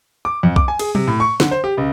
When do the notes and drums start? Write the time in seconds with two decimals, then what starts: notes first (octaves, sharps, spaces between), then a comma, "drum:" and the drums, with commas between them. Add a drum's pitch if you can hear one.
0.25 D6
0.43 F2
0.56 D6, drum: kick B1
0.68 G#5
0.79 G#4, drum: cymbal
0.95 C3, drum: tom F#3
1.08 A2
1.20 C#6
1.40 D3, drum: snare
1.51 C5
1.64 G4
1.77 C#2